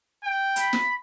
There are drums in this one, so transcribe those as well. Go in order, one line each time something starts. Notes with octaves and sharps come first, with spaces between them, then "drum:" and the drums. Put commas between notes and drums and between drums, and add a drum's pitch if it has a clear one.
G5
B5, drum: hi-hat
drum: snare